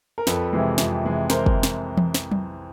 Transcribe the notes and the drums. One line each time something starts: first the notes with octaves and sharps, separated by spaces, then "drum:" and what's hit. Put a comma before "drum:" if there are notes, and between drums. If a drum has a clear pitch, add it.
A#4
F2 A4 B4, drum: snare
C3 E3 G#3
F2, drum: snare
C3 E3 G#3
A#4 C5, drum: snare
drum: kick
drum: snare
drum: tom E3
drum: snare
drum: tom F#3